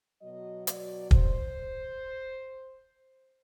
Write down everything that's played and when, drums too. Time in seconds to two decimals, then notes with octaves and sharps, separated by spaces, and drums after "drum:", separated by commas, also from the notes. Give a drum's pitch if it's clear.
0.22 B2 F#3 D#5
0.67 D5, drum: hi-hat
1.11 C5, drum: kick